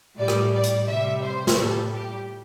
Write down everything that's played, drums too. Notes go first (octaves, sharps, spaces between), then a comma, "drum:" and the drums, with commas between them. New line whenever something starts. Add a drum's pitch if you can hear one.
A2 G3 D5
drum: rim click
D5
drum: hi-hat
C3 G3 E5
C5
drum: snare
A2 G3 A4
G4